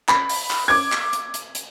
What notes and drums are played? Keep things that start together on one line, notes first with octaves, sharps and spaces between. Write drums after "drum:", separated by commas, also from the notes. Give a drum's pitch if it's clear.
B5, drum: clap
drum: open hi-hat
drum: clap
D6 G#6
drum: clap
drum: hi-hat
drum: hi-hat
drum: hi-hat